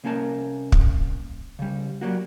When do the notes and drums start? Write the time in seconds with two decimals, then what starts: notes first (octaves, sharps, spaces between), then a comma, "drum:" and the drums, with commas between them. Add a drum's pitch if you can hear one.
0.04 C2 A#3 C#4 A#4 A5
0.72 drum: kick
1.59 C#3 G3
2.01 F#3 G3 A#3 F#4